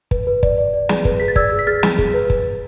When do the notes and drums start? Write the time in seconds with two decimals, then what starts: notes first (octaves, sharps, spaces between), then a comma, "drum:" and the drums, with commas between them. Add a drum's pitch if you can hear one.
0.11 B4, drum: kick
0.27 B4
0.43 D5, drum: kick
0.58 D5
0.73 D5
0.89 G#4, drum: snare
1.05 B4, drum: kick
1.20 G#4 B6
1.28 A6
1.36 D5 E6 G#6, drum: kick
1.52 G#4
1.59 B6
1.67 G#4 F6 A6
1.83 G#4, drum: snare
1.99 G#4, drum: kick
2.14 B4
2.30 drum: kick